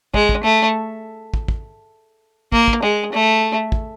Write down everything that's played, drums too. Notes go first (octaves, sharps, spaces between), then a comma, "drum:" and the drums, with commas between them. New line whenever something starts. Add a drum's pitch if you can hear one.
G#3, drum: kick
drum: kick
A3
drum: kick
drum: kick
A#3, drum: kick
drum: kick
G#3
A3
drum: kick